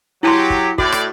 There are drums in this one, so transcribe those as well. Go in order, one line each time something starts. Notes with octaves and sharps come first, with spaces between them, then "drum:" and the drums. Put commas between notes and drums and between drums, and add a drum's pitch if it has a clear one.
F#3 E4 G4 A5 C6
drum: kick
A2 F#4 D5, drum: kick
drum: rim click